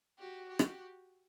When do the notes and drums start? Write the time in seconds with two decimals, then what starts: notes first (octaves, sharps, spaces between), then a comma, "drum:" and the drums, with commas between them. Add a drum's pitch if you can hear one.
0.19 F#4 G4
0.49 G4
0.59 drum: rim click